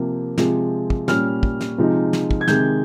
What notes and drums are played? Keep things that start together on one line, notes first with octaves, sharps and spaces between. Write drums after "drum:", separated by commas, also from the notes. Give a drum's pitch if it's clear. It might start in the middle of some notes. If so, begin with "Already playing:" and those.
Already playing: C3 F3 A#3
C3 F3 G#3, drum: snare
drum: kick
A#2 G3 C#4 F6, drum: snare
drum: kick
drum: snare
C3 F3 G#3 D#4
drum: snare
drum: kick
G#6
C3 D#3 G#3 G6, drum: snare